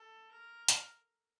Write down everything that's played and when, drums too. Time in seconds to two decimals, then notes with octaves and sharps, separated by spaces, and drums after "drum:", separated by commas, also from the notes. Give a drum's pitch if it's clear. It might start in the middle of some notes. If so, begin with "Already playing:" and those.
Already playing: A4
0.31 A#4
0.68 drum: hi-hat